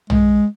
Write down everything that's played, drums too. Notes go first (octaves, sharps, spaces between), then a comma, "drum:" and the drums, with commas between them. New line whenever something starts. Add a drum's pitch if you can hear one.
G#3, drum: tom